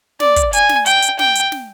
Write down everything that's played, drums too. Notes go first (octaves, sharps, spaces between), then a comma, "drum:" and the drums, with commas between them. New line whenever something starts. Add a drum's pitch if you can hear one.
D5, drum: snare
drum: kick, hi-hat
G#5, drum: hi-hat
drum: snare
G5, drum: hi-hat
drum: hi-hat
G5, drum: snare
drum: hi-hat
drum: snare